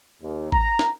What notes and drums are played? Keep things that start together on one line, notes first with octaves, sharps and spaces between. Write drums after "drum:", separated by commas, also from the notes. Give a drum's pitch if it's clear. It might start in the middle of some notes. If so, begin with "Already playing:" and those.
D#2
A#5, drum: kick G#1
drum: snare